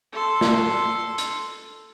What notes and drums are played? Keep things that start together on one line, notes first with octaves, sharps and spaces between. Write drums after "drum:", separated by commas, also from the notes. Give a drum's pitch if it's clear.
A4 C6
drum: snare
drum: hi-hat